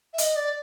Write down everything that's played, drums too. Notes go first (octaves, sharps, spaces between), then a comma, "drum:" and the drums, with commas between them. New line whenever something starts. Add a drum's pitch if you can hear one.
E5
D#5, drum: hi-hat
D5